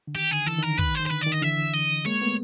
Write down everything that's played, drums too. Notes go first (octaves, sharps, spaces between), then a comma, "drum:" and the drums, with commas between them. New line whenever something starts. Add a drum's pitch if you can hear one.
D3
D#3 G4
D3 G#4
E3 A4
D#3 A#4
D3
D#3 B4, drum: kick
C5
D#3
C5
D3 B4
D5
D#3
D#5
D3 E3 E5, drum: hi-hat
D#5
G#3 A#3 C#5, drum: hi-hat
A3 B3